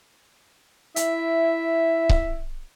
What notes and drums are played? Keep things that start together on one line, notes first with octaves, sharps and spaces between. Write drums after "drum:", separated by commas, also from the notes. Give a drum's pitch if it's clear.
E4 E5, drum: hi-hat
drum: kick C#1